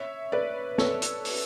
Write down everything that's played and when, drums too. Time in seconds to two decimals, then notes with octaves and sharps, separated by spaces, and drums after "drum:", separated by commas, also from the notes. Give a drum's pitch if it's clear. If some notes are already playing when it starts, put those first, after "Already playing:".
Already playing: C#5 E5
0.32 B4 D5
0.78 A4 C#5, drum: snare
1.02 drum: hi-hat
1.25 drum: open hi-hat